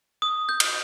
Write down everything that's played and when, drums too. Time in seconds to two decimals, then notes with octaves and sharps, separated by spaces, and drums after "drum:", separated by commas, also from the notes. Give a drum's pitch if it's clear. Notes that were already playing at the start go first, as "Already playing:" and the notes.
0.22 D#6
0.49 G6
0.60 drum: cymbal